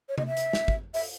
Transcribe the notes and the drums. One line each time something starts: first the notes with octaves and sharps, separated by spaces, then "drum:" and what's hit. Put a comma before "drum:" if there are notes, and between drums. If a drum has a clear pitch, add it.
C#5
D#5, drum: tom C3
E5
drum: hi-hat
drum: snare
drum: kick
E5, drum: open hi-hat